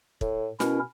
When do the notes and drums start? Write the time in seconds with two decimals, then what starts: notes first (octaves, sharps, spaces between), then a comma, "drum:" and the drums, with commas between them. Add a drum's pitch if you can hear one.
0.21 A2, drum: kick
0.60 B2 C#4 E4 A#4, drum: snare